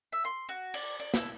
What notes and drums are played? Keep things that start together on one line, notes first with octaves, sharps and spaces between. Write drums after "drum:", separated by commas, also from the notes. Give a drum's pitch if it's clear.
E5
C6
F#4
D5, drum: cymbal
D5
E4, drum: snare